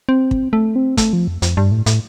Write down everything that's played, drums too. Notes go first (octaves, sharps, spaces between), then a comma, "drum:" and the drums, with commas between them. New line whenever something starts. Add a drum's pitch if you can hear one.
C4
drum: kick
A3
C4
A3, drum: kick, hi-hat
F3
F2
F2, drum: hi-hat
G2
A2
A2, drum: hi-hat